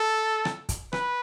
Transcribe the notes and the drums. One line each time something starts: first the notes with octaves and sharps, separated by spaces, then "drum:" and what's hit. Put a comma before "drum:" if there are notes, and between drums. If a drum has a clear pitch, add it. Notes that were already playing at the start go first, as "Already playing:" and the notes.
Already playing: A4
drum: rim click
drum: kick, hi-hat
B4, drum: rim click